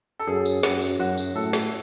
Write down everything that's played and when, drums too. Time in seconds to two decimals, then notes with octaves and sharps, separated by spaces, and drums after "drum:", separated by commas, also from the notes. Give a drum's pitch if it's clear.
0.19 A4
0.27 F#2 G#4
0.45 drum: tambourine
0.63 F#2 F#4, drum: snare
0.81 drum: tambourine
1.00 F#2 F#4
1.17 drum: tambourine
1.35 A2 A4
1.53 drum: snare